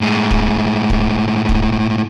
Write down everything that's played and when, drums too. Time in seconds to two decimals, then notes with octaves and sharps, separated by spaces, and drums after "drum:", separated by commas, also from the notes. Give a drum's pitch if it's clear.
0.01 A2 G#3
0.31 drum: kick
0.90 drum: kick
1.49 drum: kick